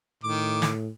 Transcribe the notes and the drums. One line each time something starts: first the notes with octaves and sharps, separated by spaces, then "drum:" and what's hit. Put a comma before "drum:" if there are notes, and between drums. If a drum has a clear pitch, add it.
A2 D#3 D6
drum: snare